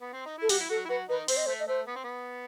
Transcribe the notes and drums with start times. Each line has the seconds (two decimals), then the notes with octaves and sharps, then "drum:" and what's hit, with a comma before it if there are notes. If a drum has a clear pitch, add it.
0.01 B3
0.13 C4
0.26 D#4
0.38 E4 A4
0.49 F#3 F#4 G4, drum: open hi-hat
0.60 E4
0.69 F#3 F#4 A4
0.85 E4
0.89 F#3 F#4 B4
1.09 D#3 D#4 B4
1.28 C4 C5, drum: open hi-hat
1.37 D#5
1.46 A3 C5
1.60 D#5
1.68 A3 C5
1.87 B3
1.96 C4
2.04 B3